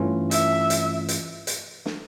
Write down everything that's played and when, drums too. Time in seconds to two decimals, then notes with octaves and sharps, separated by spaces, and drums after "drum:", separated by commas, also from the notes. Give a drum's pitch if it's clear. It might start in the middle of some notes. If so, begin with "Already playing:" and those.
Already playing: G2 E3 A3 C#4 F4
0.31 E5, drum: hi-hat
0.70 drum: hi-hat
1.09 drum: hi-hat
1.47 drum: hi-hat
1.86 drum: snare